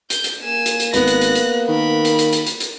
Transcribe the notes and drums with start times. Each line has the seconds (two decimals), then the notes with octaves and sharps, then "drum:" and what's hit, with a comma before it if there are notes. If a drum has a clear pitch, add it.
0.10 G6, drum: hi-hat
0.24 drum: hi-hat
0.43 A#3 G#5 E7
0.66 drum: hi-hat
0.80 drum: hi-hat
0.94 G#1 B3 B4 F#6 A#6, drum: hi-hat
1.08 drum: hi-hat
1.21 drum: hi-hat
1.35 drum: hi-hat
1.69 D#3 A#4 B5
2.05 drum: hi-hat
2.19 drum: hi-hat
2.33 drum: hi-hat
2.46 drum: hi-hat
2.60 drum: hi-hat